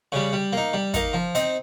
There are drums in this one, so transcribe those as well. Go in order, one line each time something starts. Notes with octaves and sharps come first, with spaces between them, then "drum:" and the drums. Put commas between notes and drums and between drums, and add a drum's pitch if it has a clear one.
C#3 G3
G3
A#3 D#4
G3
A#3 D#4, drum: kick, hi-hat
F3
C4 D#4, drum: hi-hat